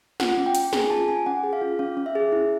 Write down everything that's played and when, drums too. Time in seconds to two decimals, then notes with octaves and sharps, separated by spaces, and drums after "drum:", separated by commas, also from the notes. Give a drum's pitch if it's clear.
0.20 F4 F#5, drum: snare
0.38 C#4
0.46 G5
0.55 C#4, drum: hi-hat
0.73 G#4 G#5, drum: snare
0.90 F4 A5
1.08 C#4 G#5
1.26 C#4 F#5
1.43 G#4
1.53 F5
1.62 F4
1.79 C#4 F5
1.97 C#4
2.06 E5
2.15 G#4
2.32 E4